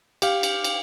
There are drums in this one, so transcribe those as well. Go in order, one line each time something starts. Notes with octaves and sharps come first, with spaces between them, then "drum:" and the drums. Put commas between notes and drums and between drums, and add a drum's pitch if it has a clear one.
G4 F5, drum: cymbal
drum: cymbal
drum: cymbal